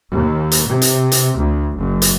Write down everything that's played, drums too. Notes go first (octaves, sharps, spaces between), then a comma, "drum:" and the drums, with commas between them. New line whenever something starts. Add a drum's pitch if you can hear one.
D#2
drum: hi-hat
C3
drum: hi-hat
drum: hi-hat
D2
F#1
drum: hi-hat